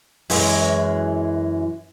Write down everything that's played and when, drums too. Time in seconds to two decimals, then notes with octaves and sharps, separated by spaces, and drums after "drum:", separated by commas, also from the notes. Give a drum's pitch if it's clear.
0.30 F#2 E3 G#3, drum: open hi-hat